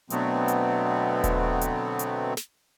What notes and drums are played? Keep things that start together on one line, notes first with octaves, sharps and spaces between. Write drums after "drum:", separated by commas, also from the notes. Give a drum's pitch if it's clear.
B2 D3 F#3 A3 B3 C4, drum: hi-hat
drum: hi-hat
drum: kick D#1, hi-hat
drum: hi-hat
drum: hi-hat
drum: snare